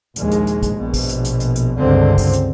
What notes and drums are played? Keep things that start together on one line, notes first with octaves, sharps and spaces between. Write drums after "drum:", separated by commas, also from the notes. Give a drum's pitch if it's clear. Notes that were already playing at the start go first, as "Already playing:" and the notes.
A#1 D#2 G#3, drum: hi-hat
drum: hi-hat
drum: hi-hat
drum: kick, hi-hat
A#1 B2
drum: kick, open hi-hat
drum: hi-hat
drum: hi-hat
drum: hi-hat
drum: hi-hat
C#2 G2 D3 C4
drum: kick, open hi-hat
drum: hi-hat